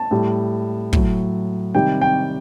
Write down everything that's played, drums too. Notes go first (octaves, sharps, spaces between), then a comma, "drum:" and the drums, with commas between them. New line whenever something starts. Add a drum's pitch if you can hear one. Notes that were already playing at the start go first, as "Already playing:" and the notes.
Already playing: A5
A2 G3
A2 F#3, drum: kick
C3 D#3 G3 G5
G5